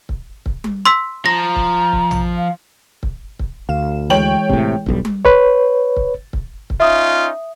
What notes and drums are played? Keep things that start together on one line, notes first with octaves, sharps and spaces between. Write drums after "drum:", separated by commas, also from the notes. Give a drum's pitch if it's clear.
drum: kick C#1
drum: kick C#1
drum: tom G3
C6 E6 B6
F3 A#5 A#6
drum: kick C#1
drum: kick C#1
drum: tom A#1
F5
drum: kick C#1
drum: kick C#1
D2 F5 E7
E3 G#3 C#5 G5 F#7
A2 C3, drum: kick C#1
E1 B1 G3, drum: kick C#1
drum: tom G3
B4 C#5, drum: kick C#1
drum: kick C#1
drum: kick C#1
drum: kick C#1
C#4 D#4 F4 E5 D#6